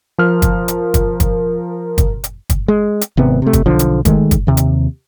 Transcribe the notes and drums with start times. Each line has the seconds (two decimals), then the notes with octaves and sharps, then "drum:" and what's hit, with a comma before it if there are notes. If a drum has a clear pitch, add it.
0.18 F3 A#4 F6
0.42 drum: kick, hi-hat
0.68 drum: hi-hat
0.94 drum: kick, hi-hat
1.20 drum: kick, hi-hat
1.98 drum: kick, hi-hat
2.24 drum: hi-hat
2.50 drum: kick, hi-hat
2.68 G#3
3.01 drum: hi-hat
3.17 G#1 C3 B3
3.42 C3 A3
3.53 drum: kick, hi-hat
3.66 B1 D3 F3
3.79 drum: hi-hat
4.05 D#3 G#3 A3, drum: kick, hi-hat
4.31 drum: kick, hi-hat
4.47 D#2 C3
4.57 drum: hi-hat